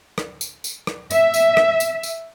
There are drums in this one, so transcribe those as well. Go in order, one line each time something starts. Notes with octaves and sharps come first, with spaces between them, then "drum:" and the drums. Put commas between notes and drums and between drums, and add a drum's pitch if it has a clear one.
drum: rim click
drum: tambourine
drum: tambourine
drum: rim click
E5, drum: tambourine
drum: tambourine
drum: rim click
drum: tambourine
drum: tambourine